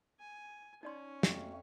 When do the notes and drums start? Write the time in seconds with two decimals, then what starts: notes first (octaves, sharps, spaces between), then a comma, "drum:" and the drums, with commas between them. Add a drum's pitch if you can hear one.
0.20 G#5
0.83 C#4 D#4 D5 C6
1.23 F2 A3 A#3 F#4, drum: snare